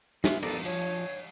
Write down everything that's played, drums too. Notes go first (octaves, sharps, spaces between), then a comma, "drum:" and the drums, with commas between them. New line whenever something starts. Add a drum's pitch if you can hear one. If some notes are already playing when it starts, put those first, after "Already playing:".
G#3 B3 F4 E5, drum: snare
B3 A4 A#4 D5, drum: cymbal
F3 C#5, drum: hi-hat